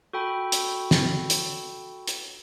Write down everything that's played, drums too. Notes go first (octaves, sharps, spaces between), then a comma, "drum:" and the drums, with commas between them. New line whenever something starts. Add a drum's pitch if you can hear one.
F#4 A4 G5 B5
drum: hi-hat
drum: snare
drum: hi-hat
drum: hi-hat